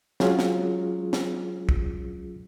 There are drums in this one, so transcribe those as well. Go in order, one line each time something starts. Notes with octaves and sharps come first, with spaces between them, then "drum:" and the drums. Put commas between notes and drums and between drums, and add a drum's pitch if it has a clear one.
F#3 G#3 C#4 F4 G#4, drum: snare
drum: snare
drum: snare
drum: kick